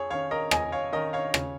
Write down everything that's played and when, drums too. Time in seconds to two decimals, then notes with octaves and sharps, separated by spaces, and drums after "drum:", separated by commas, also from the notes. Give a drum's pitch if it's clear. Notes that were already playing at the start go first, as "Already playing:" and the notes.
Already playing: F2 G#4 C#5
0.10 D#3 C#4 C#5 F5
0.31 A#4 D#5
0.51 F2 D#5 G#5, drum: rim click
0.72 C#5 F5
0.93 D#3 C#4 A#4 D#5
1.13 C#5 F5
1.34 C#3, drum: rim click